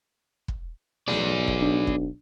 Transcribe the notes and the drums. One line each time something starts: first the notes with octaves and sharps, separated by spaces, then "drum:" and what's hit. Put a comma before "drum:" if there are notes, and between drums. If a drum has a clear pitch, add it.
drum: kick
B1 G#4 D5, drum: snare A3
drum: kick
D4
drum: kick